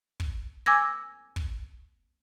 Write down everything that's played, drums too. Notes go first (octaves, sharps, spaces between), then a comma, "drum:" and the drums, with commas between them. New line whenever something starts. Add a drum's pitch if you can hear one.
drum: kick
G#5 D6 E6 G#6 A#6
drum: kick